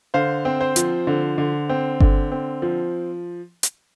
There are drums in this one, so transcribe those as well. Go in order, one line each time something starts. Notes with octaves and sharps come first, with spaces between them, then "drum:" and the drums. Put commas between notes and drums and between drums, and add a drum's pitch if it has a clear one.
D3 C5 F5
C4
C5
F3, drum: hi-hat
D3
D3
C4
D3, drum: kick G1
C4
F3
drum: hi-hat